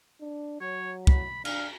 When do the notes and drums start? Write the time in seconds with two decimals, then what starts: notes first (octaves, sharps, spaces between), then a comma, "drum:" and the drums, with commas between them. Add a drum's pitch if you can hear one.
0.21 D4
0.61 F#3 C#5
1.07 B5, drum: kick
1.45 D4 F5, drum: cymbal